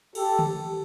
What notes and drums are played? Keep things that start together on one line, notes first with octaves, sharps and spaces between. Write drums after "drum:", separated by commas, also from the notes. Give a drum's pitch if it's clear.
G4 A4, drum: cymbal
drum: tom D3